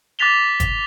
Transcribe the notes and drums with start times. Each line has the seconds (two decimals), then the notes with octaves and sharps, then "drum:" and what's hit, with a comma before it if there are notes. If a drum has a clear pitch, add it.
0.19 D6 F#6 A6 B6 F7 G7
0.60 drum: kick, hi-hat